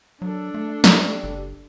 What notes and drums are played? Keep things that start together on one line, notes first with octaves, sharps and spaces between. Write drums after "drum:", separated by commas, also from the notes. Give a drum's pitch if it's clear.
F#3 D4 A4
A3
drum: snare
G3
F#1